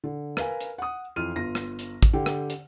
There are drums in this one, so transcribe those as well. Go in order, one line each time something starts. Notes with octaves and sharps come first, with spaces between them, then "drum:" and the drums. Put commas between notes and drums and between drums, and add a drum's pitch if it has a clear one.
D3
A#4 B4 F5 G#5, drum: rim click
drum: hi-hat
F#5 D#6
F2 E3 F4 F6 D#7
G1 F4 A#6
drum: rim click
drum: hi-hat
drum: kick, hi-hat
D3 G4 G5
drum: rim click
drum: hi-hat